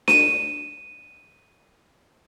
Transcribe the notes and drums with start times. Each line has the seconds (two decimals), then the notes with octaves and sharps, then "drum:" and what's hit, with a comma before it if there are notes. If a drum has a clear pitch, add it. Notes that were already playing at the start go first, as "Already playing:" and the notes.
0.08 D#7 E7, drum: snare D4